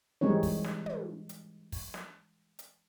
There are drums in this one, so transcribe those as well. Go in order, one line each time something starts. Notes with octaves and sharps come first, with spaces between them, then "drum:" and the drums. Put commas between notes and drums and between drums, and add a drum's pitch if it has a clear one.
E3 G3 G#3 C4 D#4 C#5
drum: kick, open hi-hat
drum: snare
drum: tom
drum: hi-hat
drum: kick, open hi-hat
drum: snare
drum: hi-hat